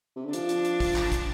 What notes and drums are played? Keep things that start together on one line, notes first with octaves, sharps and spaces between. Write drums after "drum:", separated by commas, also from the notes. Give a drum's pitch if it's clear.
C3
D3
F3 D4, drum: hi-hat
drum: hi-hat
drum: hi-hat
drum: kick, open hi-hat
drum: clap
drum: kick, hi-hat